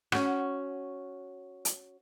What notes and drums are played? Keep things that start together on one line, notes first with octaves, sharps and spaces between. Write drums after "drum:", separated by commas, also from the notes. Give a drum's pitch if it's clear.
C#4 F#4, drum: rim click
drum: hi-hat